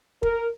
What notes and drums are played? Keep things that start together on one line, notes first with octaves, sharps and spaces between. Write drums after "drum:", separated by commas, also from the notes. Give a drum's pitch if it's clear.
A#4, drum: kick